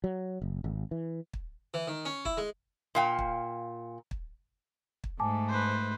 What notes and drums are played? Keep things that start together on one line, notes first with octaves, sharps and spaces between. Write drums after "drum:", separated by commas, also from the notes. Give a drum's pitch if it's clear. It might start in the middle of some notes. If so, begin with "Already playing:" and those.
F#3
F#1
G#1
E3
drum: kick
E3
D#3
C#4
E4, drum: kick
G#3
A#2 F5 G5
drum: kick
drum: kick
drum: kick
G#2 A3 G#5 A5 D6
B4 C5